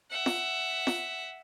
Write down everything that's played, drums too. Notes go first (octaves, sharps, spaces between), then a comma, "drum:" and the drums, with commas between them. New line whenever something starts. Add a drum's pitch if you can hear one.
E5 F#5
drum: snare F4
drum: snare F4